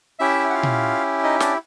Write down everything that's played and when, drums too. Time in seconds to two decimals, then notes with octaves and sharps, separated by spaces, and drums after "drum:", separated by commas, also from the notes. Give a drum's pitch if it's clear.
0.19 C#4 E4 G4 E5
0.50 F#5
0.54 F4 F5
0.63 drum: tom A#2
1.23 D#4 D#5
1.40 D4 D5, drum: snare